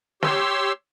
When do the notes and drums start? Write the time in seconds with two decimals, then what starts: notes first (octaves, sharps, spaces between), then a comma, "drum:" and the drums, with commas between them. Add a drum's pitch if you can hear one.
0.23 G4 C#5 C6 E6, drum: snare